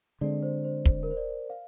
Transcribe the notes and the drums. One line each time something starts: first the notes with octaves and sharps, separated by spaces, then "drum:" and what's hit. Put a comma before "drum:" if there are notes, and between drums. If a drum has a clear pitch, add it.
D3 G#3 C4 D5
C5
C5
C5, drum: kick
A#4
C5
D5
F5